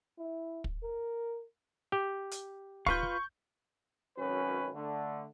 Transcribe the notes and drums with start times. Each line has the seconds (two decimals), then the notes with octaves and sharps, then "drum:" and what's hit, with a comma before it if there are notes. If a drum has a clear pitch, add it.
0.18 E4
0.64 drum: kick
0.83 A#4
1.92 G4
2.31 drum: hi-hat
2.87 F4 B4 F5 C#6 G6, drum: kick
4.17 G#1 F#2 C#4 B4
4.73 D3 A3